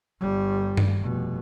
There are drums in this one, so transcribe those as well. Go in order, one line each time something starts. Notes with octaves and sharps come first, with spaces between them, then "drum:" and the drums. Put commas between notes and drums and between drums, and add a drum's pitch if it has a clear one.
G1 G3
drum: tom G2
F1 B2